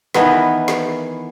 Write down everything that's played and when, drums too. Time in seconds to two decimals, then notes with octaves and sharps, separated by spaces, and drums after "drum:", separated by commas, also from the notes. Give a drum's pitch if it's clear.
0.14 D#3 E3 B3 D#5, drum: snare
0.68 drum: snare